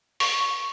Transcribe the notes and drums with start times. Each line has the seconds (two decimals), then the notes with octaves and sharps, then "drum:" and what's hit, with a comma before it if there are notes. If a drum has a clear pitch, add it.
0.20 C#6, drum: open hi-hat